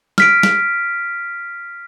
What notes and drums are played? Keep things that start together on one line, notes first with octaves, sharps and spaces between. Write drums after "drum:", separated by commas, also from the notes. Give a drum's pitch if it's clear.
F6 B6 D7, drum: snare
drum: snare